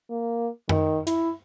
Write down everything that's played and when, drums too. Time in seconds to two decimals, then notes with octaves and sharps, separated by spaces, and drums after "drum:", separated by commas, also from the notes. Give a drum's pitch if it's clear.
0.10 A#3
0.69 D#3, drum: tom F#2
1.07 E4, drum: hi-hat